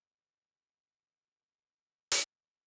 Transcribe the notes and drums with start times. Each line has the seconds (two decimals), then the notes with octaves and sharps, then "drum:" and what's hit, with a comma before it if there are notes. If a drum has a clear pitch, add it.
0.19 A4 C5
2.12 drum: hi-hat